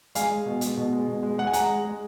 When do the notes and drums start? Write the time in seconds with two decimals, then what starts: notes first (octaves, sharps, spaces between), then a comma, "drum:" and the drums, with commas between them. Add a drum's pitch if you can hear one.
0.15 G#3 F5 G#5, drum: hi-hat
0.32 G#3
0.46 B2
0.61 G#3, drum: hi-hat
0.77 B2
0.93 G#3
1.08 B2
1.23 G#3
1.38 G#3 F#5
1.47 G#5
1.53 G#3 F#5 A#5, drum: hi-hat
1.69 G#3
1.85 G#3